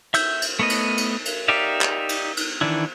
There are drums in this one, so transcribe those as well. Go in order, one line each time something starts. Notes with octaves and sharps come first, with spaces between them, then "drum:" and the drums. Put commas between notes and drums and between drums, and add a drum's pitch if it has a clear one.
E5 E6 G6, drum: cymbal
drum: cymbal
A3 B3 D#5
drum: cymbal
drum: cymbal
drum: cymbal
D#4 G4 D5 E5 F5
drum: clap
drum: cymbal
drum: cymbal
D#3 E3 D4 E4